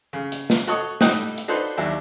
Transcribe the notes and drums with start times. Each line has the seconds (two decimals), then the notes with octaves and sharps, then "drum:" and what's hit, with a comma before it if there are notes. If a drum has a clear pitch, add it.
0.13 C#3
0.32 drum: hi-hat
0.50 drum: snare
0.67 F#4 A4 C#5 D#5, drum: hi-hat
1.01 A2 G3 D#4 D#5 F#5 G5, drum: snare
1.38 drum: hi-hat
1.48 D4 D#4 F#4 A4 B4 C5
1.77 D#2 F#3 D4 E4